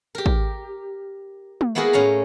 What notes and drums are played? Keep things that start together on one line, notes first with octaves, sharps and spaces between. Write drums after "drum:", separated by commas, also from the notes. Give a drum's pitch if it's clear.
G4 A#4
drum: kick
drum: tom
A#3 B3 E4 F#4 G#4 A#4
A2 C#4 F5 A#5